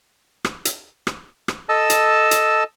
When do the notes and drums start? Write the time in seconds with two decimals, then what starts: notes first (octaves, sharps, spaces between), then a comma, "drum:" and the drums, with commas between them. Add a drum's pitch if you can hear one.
0.45 drum: rim click
0.65 drum: hi-hat
1.07 drum: rim click
1.48 drum: rim click
1.69 A4 D#5 A5 E6
1.90 drum: hi-hat
2.31 drum: hi-hat